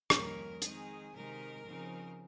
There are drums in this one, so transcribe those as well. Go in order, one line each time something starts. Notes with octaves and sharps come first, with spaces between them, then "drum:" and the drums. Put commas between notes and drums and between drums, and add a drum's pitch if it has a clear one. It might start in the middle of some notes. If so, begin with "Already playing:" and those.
F2 D#3 G3 A#3 C#4 A#4, drum: rim click
D#3 G#3 C4 D#4 G#4, drum: hi-hat
C3 D#3 G#3 D#4 A#4
C#3 F3 C4 D#4